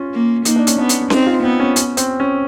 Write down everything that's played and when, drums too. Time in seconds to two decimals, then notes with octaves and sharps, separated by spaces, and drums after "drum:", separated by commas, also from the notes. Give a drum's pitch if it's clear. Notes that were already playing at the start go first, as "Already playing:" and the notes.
Already playing: C#4 F4
0.14 A#3
0.45 A#3 D#4, drum: hi-hat
0.56 D4
0.67 C#4, drum: hi-hat
0.78 B3 D4
0.89 drum: hi-hat
1.10 C4 D#4, drum: snare C#4
1.27 F4
1.43 B3 C4
1.60 C#4
1.76 C#4, drum: hi-hat
1.97 C4, drum: hi-hat
2.20 C#4